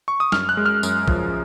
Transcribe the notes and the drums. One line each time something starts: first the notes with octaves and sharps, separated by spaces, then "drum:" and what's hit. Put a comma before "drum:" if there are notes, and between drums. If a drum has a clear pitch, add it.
C#6
D#6
F#2 F6, drum: snare
F#6
G#3
F6
F#2, drum: tambourine
F3, drum: kick